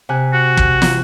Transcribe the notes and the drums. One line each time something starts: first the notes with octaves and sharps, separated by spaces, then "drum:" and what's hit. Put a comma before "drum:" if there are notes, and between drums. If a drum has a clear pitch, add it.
C3 G#5 F#6
F#4
drum: kick
drum: snare